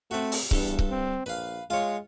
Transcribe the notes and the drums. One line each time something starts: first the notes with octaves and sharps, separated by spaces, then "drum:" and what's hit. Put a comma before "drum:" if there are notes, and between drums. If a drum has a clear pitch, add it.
A3 C4 F#4
drum: open hi-hat
E2 G2 G4 A4, drum: kick C#1
drum: kick C#1
C4
A#1 B4 F5
G#3 F4 C#5